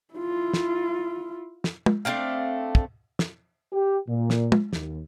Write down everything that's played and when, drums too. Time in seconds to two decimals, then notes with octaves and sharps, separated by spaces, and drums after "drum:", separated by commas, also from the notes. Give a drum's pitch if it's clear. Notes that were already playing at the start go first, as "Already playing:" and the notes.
0.15 E4 F4
0.54 drum: snare
1.64 drum: snare
1.86 drum: tom
2.05 A3 C4 D4 F5
2.75 drum: kick
3.19 drum: snare
3.72 G4
4.08 A#2
4.30 drum: snare
4.52 drum: tom
4.73 D#2, drum: snare